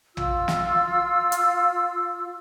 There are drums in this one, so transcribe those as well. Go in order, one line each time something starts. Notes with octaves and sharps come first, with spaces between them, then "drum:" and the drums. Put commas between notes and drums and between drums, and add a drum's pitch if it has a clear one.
F4 E6, drum: tom
drum: snare
drum: hi-hat